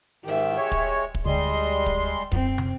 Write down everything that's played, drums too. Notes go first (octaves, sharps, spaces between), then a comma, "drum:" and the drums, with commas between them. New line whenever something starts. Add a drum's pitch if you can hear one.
G#2 D#3 G4 E5
G#3 C#5
drum: kick
drum: kick
D2 G3 G#3 D#5 C6
drum: kick
F#2 C4, drum: kick
drum: tom